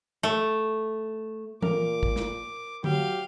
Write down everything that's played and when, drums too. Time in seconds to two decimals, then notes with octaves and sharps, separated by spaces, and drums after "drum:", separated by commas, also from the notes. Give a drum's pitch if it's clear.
0.23 A3
1.62 A#2 A#4 D6, drum: tom E3
2.03 drum: kick
2.16 drum: snare
2.84 F#3 G4 F5, drum: tom D3